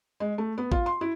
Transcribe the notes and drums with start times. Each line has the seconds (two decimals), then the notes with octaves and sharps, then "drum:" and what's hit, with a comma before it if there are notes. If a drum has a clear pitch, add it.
0.20 G#3
0.38 A3
0.58 B3
0.72 F4, drum: kick A1
0.86 C6
1.01 E4